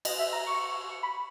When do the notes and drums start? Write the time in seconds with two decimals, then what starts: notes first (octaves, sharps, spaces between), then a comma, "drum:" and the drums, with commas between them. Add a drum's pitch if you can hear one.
0.05 D#5, drum: cymbal
0.19 E5
0.33 A#5
0.46 C#6
0.89 C#6
1.03 B5